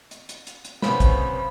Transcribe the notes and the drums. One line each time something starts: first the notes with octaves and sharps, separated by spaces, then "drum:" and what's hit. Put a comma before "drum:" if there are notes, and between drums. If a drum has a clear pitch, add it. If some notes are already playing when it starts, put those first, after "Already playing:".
drum: hi-hat
drum: hi-hat
drum: hi-hat
drum: hi-hat
B1 F#2 C3 B3 C#4 C5 B5, drum: snare
drum: kick, hi-hat